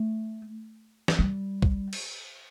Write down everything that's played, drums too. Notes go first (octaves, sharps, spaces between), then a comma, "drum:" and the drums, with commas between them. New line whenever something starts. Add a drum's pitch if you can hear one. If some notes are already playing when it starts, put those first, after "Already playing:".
Already playing: A3
drum: snare
G3
drum: kick
drum: cymbal